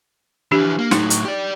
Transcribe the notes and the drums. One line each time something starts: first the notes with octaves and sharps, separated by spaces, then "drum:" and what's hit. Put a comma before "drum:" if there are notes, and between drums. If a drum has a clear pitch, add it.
E3 F3 D4 G4
A#3
A2 F#3 D#4, drum: snare
drum: hi-hat
G4 D5